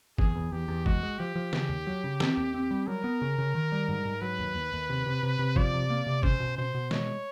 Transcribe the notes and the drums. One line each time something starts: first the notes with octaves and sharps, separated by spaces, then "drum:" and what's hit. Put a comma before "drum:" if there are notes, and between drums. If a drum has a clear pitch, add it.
E2 G#4, drum: kick
E2
E2 G4
E2
G#3 F#4, drum: kick
G#3
F3 G4
F3
C#3, drum: snare
D#2
F#3
C#3
C4, drum: snare
D#2
C4
G3
F#3 A#4
B3
C#3
C#3
D#3
G3
G#2
G#2
F#3 B4
D#2
D#2
D#2
C3
C3
C3
C3
F3 D5, drum: kick
C3
A#3
C3
C#4 C5, drum: kick
B2
B2 C5
B2
G#3 C#5, drum: snare